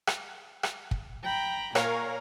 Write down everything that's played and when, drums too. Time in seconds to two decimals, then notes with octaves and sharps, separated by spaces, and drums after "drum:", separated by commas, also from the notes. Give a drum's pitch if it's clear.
0.07 drum: rim click
0.63 drum: rim click
0.91 drum: kick
1.24 G5 A#5 B5
1.75 A#2 A#4 C#5 F5 G#5 A#5, drum: rim click